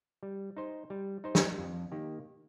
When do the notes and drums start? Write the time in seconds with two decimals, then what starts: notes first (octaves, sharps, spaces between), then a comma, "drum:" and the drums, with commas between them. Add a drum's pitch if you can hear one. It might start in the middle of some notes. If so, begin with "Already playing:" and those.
0.23 G3
0.57 D#4 C5
0.90 G3
1.24 D#4 C5
1.35 drum: snare
1.58 F2
1.92 D#3 A#3 G4